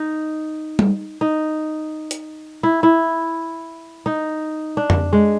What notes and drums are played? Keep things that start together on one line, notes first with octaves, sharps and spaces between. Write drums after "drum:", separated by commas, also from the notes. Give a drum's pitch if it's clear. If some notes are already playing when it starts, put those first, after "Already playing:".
Already playing: D#4
drum: tom G3
D#4
drum: hi-hat
E4
E4
D#4
D4
drum: tom F2
G#3